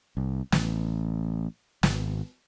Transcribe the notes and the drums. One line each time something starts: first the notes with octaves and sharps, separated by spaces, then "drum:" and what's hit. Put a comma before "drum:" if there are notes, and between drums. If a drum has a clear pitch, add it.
C2
A1, drum: snare
G#1, drum: snare